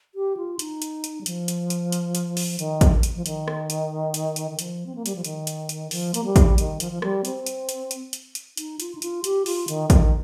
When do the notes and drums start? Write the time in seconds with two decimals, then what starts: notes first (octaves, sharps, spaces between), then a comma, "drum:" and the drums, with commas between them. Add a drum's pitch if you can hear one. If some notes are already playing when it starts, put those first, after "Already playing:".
0.15 G4
0.37 F4
0.59 D#4, drum: hi-hat
0.82 drum: hi-hat
1.04 drum: hi-hat
1.21 G3
1.26 F3, drum: hi-hat
1.48 drum: hi-hat
1.70 drum: hi-hat
1.92 drum: hi-hat
2.15 drum: hi-hat
2.37 drum: open hi-hat
2.59 D#3, drum: hi-hat
2.81 drum: kick, hi-hat
3.03 drum: hi-hat
3.15 F3
3.26 D#3, drum: hi-hat
3.48 drum: rim click
3.70 drum: hi-hat
4.14 drum: hi-hat
4.36 drum: hi-hat
4.51 D#3
4.59 F3, drum: hi-hat
4.86 C4
4.95 A#3
5.06 G3, drum: hi-hat
5.15 F3
5.24 D#3, drum: hi-hat
5.47 drum: hi-hat
5.69 drum: hi-hat
5.91 F3, drum: open hi-hat
6.14 A#3, drum: hi-hat
6.25 G3
6.36 drum: kick, hi-hat
6.58 D#3, drum: hi-hat
6.80 F3, drum: hi-hat
6.92 F3
7.02 G3, drum: rim click
7.25 C4, drum: hi-hat
7.46 drum: hi-hat
7.69 drum: hi-hat
7.91 drum: hi-hat
8.13 drum: hi-hat
8.35 drum: hi-hat
8.57 D#4, drum: hi-hat
8.80 F4, drum: hi-hat
8.95 D#4
9.02 F4, drum: hi-hat
9.24 G4, drum: hi-hat
9.46 F4, drum: open hi-hat
9.68 D#3, drum: hi-hat
9.90 D#3, drum: kick, hi-hat